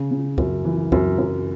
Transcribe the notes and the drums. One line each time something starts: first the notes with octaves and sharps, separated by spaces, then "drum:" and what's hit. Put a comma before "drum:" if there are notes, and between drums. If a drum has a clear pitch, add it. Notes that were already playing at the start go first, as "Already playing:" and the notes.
Already playing: C#3
C#3
F#2, drum: kick
E3
F#2, drum: kick
F#2